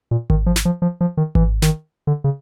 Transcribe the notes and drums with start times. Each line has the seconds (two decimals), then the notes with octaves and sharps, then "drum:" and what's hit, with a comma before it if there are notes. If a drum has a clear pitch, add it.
0.11 A#2
0.30 D#3, drum: kick G#1
0.46 F3
0.56 drum: snare
0.65 F3
0.82 F3
1.01 F3
1.17 D#3
1.35 E3, drum: kick G#1
1.62 D#3, drum: snare
2.07 D3
2.24 C#3